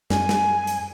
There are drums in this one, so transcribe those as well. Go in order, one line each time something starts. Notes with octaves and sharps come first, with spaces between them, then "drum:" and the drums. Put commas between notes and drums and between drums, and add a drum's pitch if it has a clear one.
F#2 G#5, drum: snare
drum: snare
drum: hi-hat